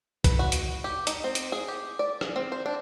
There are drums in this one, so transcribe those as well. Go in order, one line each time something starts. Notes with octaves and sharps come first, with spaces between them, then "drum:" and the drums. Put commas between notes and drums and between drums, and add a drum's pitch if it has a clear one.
B4, drum: kick B1, hi-hat
F#4
drum: hi-hat
G4
D#4, drum: hi-hat
C4
drum: hi-hat
G#4
G4
D5
G#4, drum: rim click
C4
C5
D4